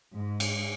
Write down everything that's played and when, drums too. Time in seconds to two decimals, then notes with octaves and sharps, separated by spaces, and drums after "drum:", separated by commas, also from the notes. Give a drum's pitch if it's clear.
0.15 G#2
0.40 drum: cymbal